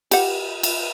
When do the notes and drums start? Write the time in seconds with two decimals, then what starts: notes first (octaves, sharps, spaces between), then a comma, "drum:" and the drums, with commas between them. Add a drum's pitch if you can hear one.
0.11 G4 F#5, drum: cymbal
0.63 drum: cymbal